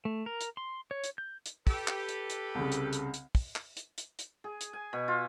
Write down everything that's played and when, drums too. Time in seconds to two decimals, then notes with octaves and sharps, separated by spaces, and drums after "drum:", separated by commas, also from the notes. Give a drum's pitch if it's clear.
0.05 A3
0.26 A#4
0.41 drum: hi-hat
0.57 C6
0.91 C#5
1.04 drum: hi-hat
1.18 G6
1.46 drum: hi-hat
1.67 G4 A4 B4, drum: kick, open hi-hat
1.88 drum: clap
2.09 drum: hi-hat
2.30 drum: hi-hat
2.55 C2 C#3
2.72 drum: hi-hat
2.93 drum: hi-hat
3.14 drum: hi-hat
3.35 drum: kick, open hi-hat
3.56 drum: clap
3.77 drum: hi-hat
3.98 drum: hi-hat
4.19 drum: hi-hat
4.44 G#4
4.61 drum: hi-hat
4.73 G#5
4.93 B2
5.08 F4